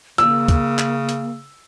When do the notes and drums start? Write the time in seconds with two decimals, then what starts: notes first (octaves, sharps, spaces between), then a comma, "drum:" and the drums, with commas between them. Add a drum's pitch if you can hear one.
0.18 C#3 A#3 E6, drum: hi-hat
0.48 drum: kick, hi-hat
0.79 drum: clap
1.09 drum: hi-hat